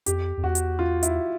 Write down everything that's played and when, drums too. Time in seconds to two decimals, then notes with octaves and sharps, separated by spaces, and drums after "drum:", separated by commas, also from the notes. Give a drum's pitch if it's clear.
0.06 F2 G4, drum: hi-hat
0.37 F2
0.44 E2 F#4
0.55 drum: hi-hat
0.79 F4
1.03 E4, drum: hi-hat